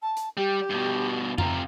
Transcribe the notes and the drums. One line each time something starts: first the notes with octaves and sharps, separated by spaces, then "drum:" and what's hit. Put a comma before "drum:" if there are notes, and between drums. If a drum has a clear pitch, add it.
A5
drum: hi-hat
G3 G4
G2 B2
C3 F4 A#5, drum: tom F2